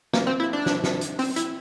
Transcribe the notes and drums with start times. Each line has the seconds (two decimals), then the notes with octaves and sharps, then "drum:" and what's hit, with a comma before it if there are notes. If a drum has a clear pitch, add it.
0.13 A#3, drum: snare
0.27 C4
0.40 E4
0.53 D4
0.66 drum: snare
0.84 drum: snare
1.01 drum: hi-hat
1.19 C4, drum: open hi-hat
1.36 E4, drum: hi-hat